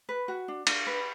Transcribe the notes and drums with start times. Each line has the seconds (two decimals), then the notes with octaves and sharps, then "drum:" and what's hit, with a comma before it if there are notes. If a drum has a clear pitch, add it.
0.09 B4
0.28 F#4
0.48 D4
0.67 D4, drum: cymbal
0.87 B4